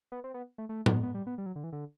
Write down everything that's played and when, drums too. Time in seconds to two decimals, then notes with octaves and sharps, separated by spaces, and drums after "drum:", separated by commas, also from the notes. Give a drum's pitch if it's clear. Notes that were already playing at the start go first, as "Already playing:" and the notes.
0.12 B3
0.24 C4
0.34 B3
0.58 A3
0.69 A3
0.86 B3, drum: tom A2
1.03 B3
1.14 G3
1.27 B3
1.38 G3
1.46 F#3
1.56 D3
1.64 E3
1.72 D3